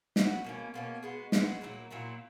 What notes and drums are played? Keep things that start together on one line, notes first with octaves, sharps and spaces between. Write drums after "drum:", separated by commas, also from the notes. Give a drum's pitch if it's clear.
F#3 B3 F#4, drum: snare
B2 A#3 C#4
B2 A#3 C#4
G#3 B3 F#4
G#3 B3 F#4, drum: snare
A#2 F#3 A#3 E4
A#2 F#3 A#3 E4